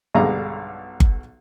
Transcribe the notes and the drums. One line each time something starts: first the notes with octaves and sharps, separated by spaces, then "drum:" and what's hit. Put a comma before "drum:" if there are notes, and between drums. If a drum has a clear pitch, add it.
B1 G2 D3 G#3 F5 A#5
drum: kick G1